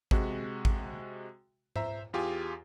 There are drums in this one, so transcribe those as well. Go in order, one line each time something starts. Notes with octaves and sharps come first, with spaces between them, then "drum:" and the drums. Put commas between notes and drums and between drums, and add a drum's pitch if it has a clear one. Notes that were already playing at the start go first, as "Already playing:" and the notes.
C3 G#3 F#4, drum: kick G#1
drum: kick G#1
C5 E5 A#5, drum: tom G#2
E2 F4 G4 G#4 G#5